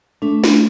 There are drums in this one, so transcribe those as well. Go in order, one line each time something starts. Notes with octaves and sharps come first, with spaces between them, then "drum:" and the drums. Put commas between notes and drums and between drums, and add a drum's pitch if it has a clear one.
A3 D4
drum: snare